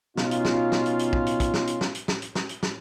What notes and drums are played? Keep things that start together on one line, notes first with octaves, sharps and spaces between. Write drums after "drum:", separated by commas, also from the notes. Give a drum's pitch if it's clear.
B2 C#4 D#4 F4, drum: snare
drum: hi-hat
drum: snare
drum: snare
drum: hi-hat
drum: hi-hat
drum: kick
drum: hi-hat
drum: kick, hi-hat
drum: snare
drum: hi-hat
drum: snare
drum: hi-hat
drum: snare
drum: hi-hat
drum: snare
drum: hi-hat
drum: snare